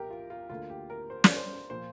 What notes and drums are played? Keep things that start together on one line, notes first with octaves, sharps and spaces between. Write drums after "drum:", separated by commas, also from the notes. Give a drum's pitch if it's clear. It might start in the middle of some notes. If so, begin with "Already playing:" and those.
Already playing: C2 A#2 F3 G4 A#4
F4
F4
D2 D3 A#3 F4
G4
A#4
C5
D5, drum: snare
C5
A#2 F3 A#3 C5